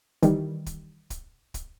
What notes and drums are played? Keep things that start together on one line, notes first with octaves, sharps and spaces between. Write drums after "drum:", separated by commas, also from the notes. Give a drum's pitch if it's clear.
D#3 E3 G3, drum: kick, hi-hat
drum: kick, hi-hat
drum: kick, hi-hat
drum: kick, hi-hat